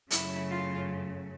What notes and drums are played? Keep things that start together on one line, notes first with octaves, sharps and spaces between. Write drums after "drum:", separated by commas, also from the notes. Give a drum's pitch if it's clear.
F#2 C#3 F#3 A3 E4, drum: hi-hat
F4